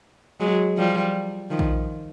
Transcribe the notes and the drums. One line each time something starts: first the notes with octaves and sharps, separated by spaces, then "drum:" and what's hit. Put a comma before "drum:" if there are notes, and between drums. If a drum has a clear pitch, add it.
F#3 G#3
F3 G3
D#3 F3
drum: kick A#1